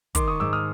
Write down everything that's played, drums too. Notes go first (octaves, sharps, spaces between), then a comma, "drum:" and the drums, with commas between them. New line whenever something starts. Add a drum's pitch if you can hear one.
D#3 C6 D6, drum: kick, hi-hat
C#6 D#6
G#2 D6 E6
D#6 F6